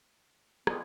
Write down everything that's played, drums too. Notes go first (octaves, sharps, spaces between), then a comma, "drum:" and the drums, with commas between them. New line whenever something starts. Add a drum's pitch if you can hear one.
F2 G3 G#3 B3, drum: rim click